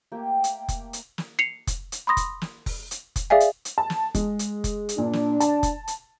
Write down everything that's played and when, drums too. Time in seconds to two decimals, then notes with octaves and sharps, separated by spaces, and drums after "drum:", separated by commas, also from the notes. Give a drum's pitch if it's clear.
0.12 A3 A#3 G4 G5
0.44 drum: hi-hat
0.68 drum: kick F1, hi-hat
0.93 drum: hi-hat
1.18 drum: snare
1.39 C7 C#7 F7
1.67 drum: kick F1, hi-hat
1.92 drum: hi-hat
2.07 B5 C6 D#6 A#6
2.17 drum: kick F1, hi-hat
2.42 drum: snare
2.66 drum: kick F1, open hi-hat
2.91 drum: hi-hat
3.16 drum: kick F1, hi-hat
3.30 G#4 D5 E5 F5 G#5
3.40 drum: hi-hat
3.65 drum: hi-hat
3.78 A5
3.90 drum: snare
4.15 G#3, drum: kick F1, hi-hat
4.39 drum: hi-hat
4.64 drum: kick F1, hi-hat
4.89 drum: hi-hat
4.98 A#2 D4
5.13 drum: snare
5.40 A5, drum: hi-hat
5.63 drum: kick F1, hi-hat
5.88 drum: hi-hat